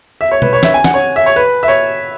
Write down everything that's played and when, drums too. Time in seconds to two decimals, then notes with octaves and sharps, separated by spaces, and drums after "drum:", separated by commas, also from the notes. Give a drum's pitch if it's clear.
0.21 E5
0.32 C#5
0.42 B4, drum: tom B2
0.53 C#5
0.63 E5, drum: snare
0.74 G#5
0.84 F#5, drum: snare
0.94 C#5
1.16 E5
1.26 C#5
1.36 B4
1.63 E5
1.68 C#5